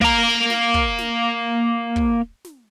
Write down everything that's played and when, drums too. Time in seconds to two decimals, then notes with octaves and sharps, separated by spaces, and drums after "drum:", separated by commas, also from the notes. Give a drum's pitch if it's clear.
0.01 A#3 A#5, drum: kick
0.50 drum: snare
0.74 drum: kick
0.98 drum: snare
1.96 drum: kick
2.45 drum: snare